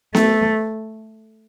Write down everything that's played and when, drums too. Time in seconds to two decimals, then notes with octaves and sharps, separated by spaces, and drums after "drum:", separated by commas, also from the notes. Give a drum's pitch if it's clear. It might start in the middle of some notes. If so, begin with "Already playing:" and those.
0.15 A3, drum: snare B3